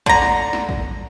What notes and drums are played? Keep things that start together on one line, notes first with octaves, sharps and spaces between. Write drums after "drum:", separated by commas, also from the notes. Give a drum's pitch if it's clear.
D3 A#5, drum: kick
drum: snare
drum: snare
drum: kick